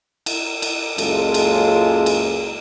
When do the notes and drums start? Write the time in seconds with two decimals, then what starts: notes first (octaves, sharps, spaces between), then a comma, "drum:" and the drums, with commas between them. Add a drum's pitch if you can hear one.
0.26 drum: cymbal
0.62 drum: cymbal
0.98 C#2 F#2 G#3 A#3 F4 A4, drum: cymbal
1.34 drum: cymbal
2.06 drum: cymbal